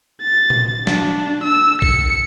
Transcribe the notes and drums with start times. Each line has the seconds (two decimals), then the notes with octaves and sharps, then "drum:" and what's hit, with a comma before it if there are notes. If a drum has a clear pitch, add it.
0.23 A6
0.50 drum: tom A#2
0.87 D4, drum: snare
1.44 E6
1.82 C#7, drum: kick A#1